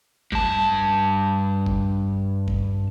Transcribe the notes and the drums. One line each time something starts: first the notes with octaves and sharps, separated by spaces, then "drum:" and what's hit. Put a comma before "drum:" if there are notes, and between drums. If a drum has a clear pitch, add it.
G2 A5, drum: kick G1
drum: kick G1
drum: kick G1